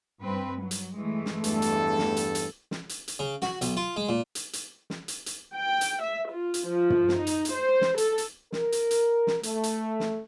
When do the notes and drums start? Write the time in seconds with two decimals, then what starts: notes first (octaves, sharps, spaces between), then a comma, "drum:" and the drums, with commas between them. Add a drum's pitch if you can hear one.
0.23 G2 C4 B4
0.59 F#3
0.71 drum: hi-hat
0.97 E3 G#3 A3
1.25 drum: snare
1.44 E2 G2 A4, drum: hi-hat
1.62 drum: hi-hat
1.98 drum: snare
2.17 drum: hi-hat
2.35 drum: hi-hat
2.71 drum: snare
2.89 drum: hi-hat
3.08 drum: hi-hat
3.19 C#3
3.42 F#4, drum: snare
3.61 B1, drum: hi-hat
3.77 F4
3.96 G#3
4.09 A#2
4.35 drum: hi-hat
4.53 drum: hi-hat
4.90 drum: snare
5.08 drum: hi-hat
5.26 drum: hi-hat
5.56 G5
5.81 drum: hi-hat
6.02 E5
6.32 F4
6.54 drum: hi-hat
6.68 F3
6.90 drum: tom
7.08 drum: snare
7.17 D#4
7.27 drum: hi-hat
7.45 drum: hi-hat
7.54 C5
7.81 drum: snare
7.98 A4, drum: hi-hat
8.18 drum: hi-hat
8.52 A#4, drum: snare
8.72 drum: hi-hat
8.91 drum: hi-hat
9.27 drum: snare
9.43 A3, drum: hi-hat
9.63 drum: hi-hat
10.00 drum: snare